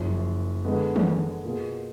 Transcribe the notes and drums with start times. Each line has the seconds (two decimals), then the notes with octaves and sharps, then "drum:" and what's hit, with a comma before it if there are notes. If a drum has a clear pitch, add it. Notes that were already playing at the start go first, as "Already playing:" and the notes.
Already playing: F#1 F#2 F3
0.64 D3 G#3 B3
0.96 drum: tom D#3
1.44 B2 A#3 F4 G#4